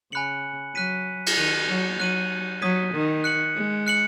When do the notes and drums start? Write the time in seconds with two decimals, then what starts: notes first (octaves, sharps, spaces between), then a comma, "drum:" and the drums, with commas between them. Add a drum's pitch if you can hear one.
0.12 C#3 G#5 B5 F#6 C#7 F#7
0.74 F#3 F#6 B6 D#7
1.26 drum: cymbal
1.37 D#3 F#6 D#7 F#7
1.68 F#3
1.99 F#3 F#6 D#7 F#7
2.62 F#3 D#6 G#6 B6 D#7
2.94 D#3
3.24 F#6 C#7 F#7
3.55 G#3
3.87 F#6 C#7 F#7